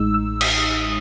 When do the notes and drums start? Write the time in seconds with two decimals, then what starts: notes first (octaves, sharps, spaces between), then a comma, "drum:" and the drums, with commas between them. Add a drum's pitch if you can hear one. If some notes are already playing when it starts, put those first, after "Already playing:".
Already playing: A1 A2 G#3 D#4 E6
0.14 E6
0.41 D#6, drum: cymbal